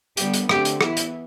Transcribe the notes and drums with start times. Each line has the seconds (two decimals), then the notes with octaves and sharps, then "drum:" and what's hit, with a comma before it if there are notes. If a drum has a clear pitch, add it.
0.17 D3 G3 B3 G4, drum: hi-hat
0.34 drum: hi-hat
0.49 D3 A3 C4 G4, drum: rim click
0.65 drum: hi-hat
0.81 E3 B3 E4, drum: rim click
0.97 drum: hi-hat